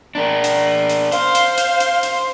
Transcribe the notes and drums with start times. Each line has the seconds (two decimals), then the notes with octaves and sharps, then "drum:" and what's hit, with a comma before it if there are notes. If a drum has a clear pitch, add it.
0.15 D4 A#4
0.44 drum: hi-hat
0.89 drum: hi-hat
1.12 C5 F5, drum: hi-hat
1.35 drum: hi-hat
1.58 drum: hi-hat
1.80 drum: hi-hat
2.03 drum: hi-hat